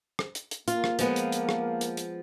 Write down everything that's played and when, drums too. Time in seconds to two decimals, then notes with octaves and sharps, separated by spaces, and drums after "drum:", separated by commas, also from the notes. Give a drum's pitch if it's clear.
0.19 drum: rim click
0.35 drum: hi-hat
0.51 drum: hi-hat
0.68 A#3 F4, drum: hi-hat
0.84 drum: rim click
0.99 F3 G#3 B3, drum: hi-hat
1.16 drum: hi-hat
1.32 drum: hi-hat
1.49 drum: rim click
1.81 drum: hi-hat
1.97 drum: hi-hat